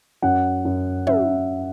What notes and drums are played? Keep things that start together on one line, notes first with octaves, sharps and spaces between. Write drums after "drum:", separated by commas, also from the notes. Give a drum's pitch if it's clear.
F#2 F#5
F#2
F#2 E5, drum: tom